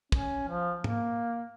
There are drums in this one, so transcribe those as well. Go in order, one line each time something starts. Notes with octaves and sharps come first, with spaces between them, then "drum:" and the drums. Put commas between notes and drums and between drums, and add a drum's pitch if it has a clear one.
C#4, drum: kick
F3
A#3, drum: tom G#2